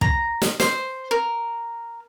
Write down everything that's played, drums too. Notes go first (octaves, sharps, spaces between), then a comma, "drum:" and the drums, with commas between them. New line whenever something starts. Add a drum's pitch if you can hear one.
A#5, drum: kick
drum: snare
C5, drum: snare
A#4